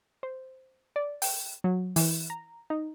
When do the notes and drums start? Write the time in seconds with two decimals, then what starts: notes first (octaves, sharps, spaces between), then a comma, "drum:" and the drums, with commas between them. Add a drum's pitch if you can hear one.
0.23 C5
0.96 D5
1.22 G5, drum: open hi-hat
1.64 F#3
1.96 E3, drum: open hi-hat
2.30 A#5
2.70 D#4